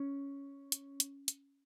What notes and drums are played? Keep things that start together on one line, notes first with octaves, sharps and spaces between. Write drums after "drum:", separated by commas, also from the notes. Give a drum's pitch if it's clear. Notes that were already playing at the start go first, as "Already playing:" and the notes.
Already playing: C#4
drum: hi-hat
drum: hi-hat
drum: hi-hat